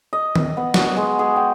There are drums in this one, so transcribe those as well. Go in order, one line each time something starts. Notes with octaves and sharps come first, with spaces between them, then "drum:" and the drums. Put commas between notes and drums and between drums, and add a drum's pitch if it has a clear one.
D#5
drum: tom
B3
F#4, drum: snare
G#3
G#4
G5